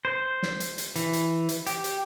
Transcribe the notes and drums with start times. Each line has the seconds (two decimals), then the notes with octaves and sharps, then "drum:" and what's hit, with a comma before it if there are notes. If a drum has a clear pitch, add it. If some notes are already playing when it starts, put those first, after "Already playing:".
0.05 C5
0.43 drum: snare
0.60 drum: hi-hat
0.78 drum: hi-hat
0.96 E3, drum: hi-hat
1.13 drum: hi-hat
1.49 drum: hi-hat
1.66 G4, drum: hi-hat
1.84 drum: hi-hat